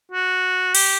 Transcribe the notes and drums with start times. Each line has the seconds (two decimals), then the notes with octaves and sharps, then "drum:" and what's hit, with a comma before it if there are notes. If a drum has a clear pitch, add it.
0.12 F#4
0.75 G4, drum: cymbal